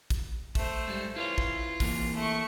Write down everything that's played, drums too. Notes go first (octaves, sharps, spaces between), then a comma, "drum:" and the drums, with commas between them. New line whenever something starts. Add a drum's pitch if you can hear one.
drum: kick, hi-hat
A3 C5, drum: kick, open hi-hat
G#2 G3
E4 F4 B4 C#5
drum: kick
E3 A#3, drum: kick, open hi-hat
A3 C#6